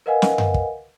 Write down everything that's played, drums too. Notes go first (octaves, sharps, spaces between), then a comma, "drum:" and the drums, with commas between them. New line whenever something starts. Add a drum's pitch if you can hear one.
A#4 B4 D#5 F5 F#5 G#5
drum: snare
drum: tom F#2
drum: kick